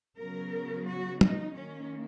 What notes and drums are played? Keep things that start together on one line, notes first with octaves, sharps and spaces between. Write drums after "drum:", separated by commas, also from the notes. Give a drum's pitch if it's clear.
C#3 F#3 B3 A#4
F#4
D#4, drum: tom
D#3 A#3 C#4